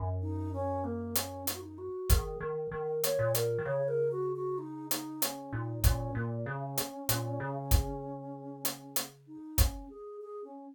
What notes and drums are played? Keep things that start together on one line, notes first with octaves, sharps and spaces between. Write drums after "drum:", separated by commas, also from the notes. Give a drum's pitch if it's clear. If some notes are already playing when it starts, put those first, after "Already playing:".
Already playing: F#2
D#4
C#4
A#3
C#4, drum: hi-hat
D#4, drum: hi-hat
F#4
D#4
F#4
D#3 G#4, drum: kick, hi-hat
D#3 A#4
D#3 A#4
C#5, drum: hi-hat
A#2
A#4, drum: hi-hat
D#3
C#3 C#5
A#4
F#4
F#4
D#4
D#4, drum: hi-hat
C#4, drum: hi-hat
A#2 D#4
A#2 C#4, drum: kick, hi-hat
A#2 A#3
C#3 C#4
drum: hi-hat
A#2, drum: hi-hat
C#3
drum: kick, hi-hat
drum: hi-hat
drum: hi-hat
D#4
C#4, drum: kick, hi-hat
G#4
G#4
C#4